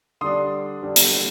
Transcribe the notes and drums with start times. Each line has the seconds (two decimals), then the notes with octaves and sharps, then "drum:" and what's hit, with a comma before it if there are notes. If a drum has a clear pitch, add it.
0.21 D3 G3 D4 C6 D#6
0.82 D3 G3 D4
0.96 drum: hi-hat